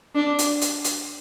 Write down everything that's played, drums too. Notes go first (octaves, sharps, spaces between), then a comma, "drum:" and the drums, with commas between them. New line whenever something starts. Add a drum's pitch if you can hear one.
D4
drum: hi-hat
drum: hi-hat
drum: hi-hat